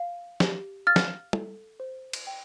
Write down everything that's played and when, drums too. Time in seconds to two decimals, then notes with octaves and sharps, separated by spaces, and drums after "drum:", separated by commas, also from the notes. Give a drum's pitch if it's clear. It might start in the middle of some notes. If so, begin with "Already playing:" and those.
Already playing: F5
0.40 G4, drum: snare
0.87 F5 F6 A6
0.96 drum: snare
1.33 A4, drum: tom
1.80 C5
2.13 drum: cymbal
2.27 G5